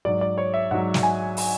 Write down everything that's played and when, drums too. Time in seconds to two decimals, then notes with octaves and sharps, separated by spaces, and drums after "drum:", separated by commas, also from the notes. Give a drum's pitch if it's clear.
0.05 G#2 F#3 D5
0.21 D5
0.38 C#5
0.54 E5
0.71 G#2 F#3 F#5
0.94 drum: snare
1.03 G#5
1.37 drum: open hi-hat